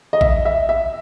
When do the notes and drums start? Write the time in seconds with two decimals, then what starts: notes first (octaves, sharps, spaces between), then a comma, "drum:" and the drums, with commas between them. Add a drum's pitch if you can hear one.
0.13 D#5
0.21 E5, drum: kick A#1
0.45 E5
0.69 E5